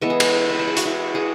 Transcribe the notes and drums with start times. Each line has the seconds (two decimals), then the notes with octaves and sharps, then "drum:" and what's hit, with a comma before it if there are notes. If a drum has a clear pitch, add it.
0.01 E3 G#3 B3 A4
0.10 G#4
0.20 A4, drum: cymbal
0.50 B4
0.59 A4
0.67 G#4
0.77 F#4, drum: hi-hat
0.86 E4
1.15 G#4